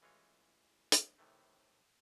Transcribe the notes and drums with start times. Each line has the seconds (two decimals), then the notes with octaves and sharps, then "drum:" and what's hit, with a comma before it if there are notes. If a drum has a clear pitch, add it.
0.01 A1 E3 G#3 F4 C#5
0.92 drum: hi-hat
1.18 A2 C3 D#3 E3 A3